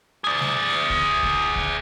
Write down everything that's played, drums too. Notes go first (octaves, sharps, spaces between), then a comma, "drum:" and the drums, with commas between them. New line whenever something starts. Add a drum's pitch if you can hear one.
G#4 D5
drum: snare G3
drum: kick C#2
drum: kick C#2
drum: kick C#2